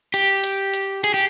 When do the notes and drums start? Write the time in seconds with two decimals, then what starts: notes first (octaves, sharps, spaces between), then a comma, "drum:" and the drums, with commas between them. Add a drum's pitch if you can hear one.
0.14 G4, drum: hi-hat
0.44 drum: hi-hat
0.74 drum: hi-hat
1.04 G#4, drum: hi-hat
1.14 G4